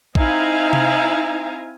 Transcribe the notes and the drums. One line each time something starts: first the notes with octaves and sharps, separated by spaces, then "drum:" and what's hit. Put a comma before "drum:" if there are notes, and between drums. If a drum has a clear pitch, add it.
C4 D#4 E4 F5 G#5 A#5, drum: kick A#1
drum: tom C3